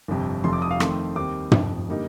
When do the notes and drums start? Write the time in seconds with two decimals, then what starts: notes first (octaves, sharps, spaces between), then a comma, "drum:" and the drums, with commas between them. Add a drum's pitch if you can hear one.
0.08 G1 F2 C3
0.44 F1 F2 C3 F3 C6
0.53 D6
0.62 D#6
0.71 F5
0.80 F2 D#3 A3 C4 C6, drum: rim click
1.15 D#2 D#3 G3 C4 D6
1.52 F1 F2 C3 F3, drum: tom
1.89 D3 G3 A#3 D#4